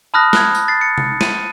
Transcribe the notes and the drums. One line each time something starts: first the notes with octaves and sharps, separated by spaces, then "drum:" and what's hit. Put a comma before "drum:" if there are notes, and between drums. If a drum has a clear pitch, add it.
A5 B5 D#6 F6 F#6 A#6
F#6 G#6, drum: snare
drum: tambourine
A6 C7
C#7
drum: tom C3
D#7, drum: snare